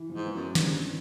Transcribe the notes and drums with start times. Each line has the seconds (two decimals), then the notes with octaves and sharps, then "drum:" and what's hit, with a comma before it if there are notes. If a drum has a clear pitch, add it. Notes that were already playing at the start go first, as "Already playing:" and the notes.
Already playing: E3
0.10 F3
0.15 G#2
0.25 B3
0.35 F#2
0.41 C4
0.55 G2 C#4, drum: snare